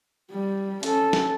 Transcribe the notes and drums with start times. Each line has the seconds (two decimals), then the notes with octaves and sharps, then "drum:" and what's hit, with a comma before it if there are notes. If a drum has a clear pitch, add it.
0.31 G3
0.83 C#4 A4, drum: hi-hat
1.13 drum: snare